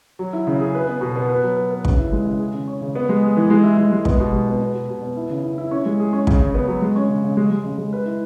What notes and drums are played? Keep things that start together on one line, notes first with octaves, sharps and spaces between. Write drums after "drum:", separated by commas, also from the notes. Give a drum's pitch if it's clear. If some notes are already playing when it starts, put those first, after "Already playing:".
F#3
E4
C#3
G#4
B4
B3
B2
B3
B4
F#3
B4
B4
C#3, drum: kick
E4
G#3
C#3
G#4
C#3
C#4
C#3
B3
G#3
G#4
E3
G#3
E4
G#3
G#3
B3, drum: kick
B2
G#3
B3
B3
B2
B2
B3
E4
C#3
E4
E4
C#4
G#3
G#4
C#4
C#3, drum: kick
C#3
B3
F#3
G#3
C#4
C#3
C#3
G#3
G#3
C#3
G#3
B4
E4